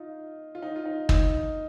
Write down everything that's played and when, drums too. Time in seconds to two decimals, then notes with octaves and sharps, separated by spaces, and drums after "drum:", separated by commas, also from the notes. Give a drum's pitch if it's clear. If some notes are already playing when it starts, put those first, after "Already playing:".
Already playing: D#4 F4
0.55 F4
0.62 D#4
0.76 F4
0.86 D#4
1.09 D#4, drum: kick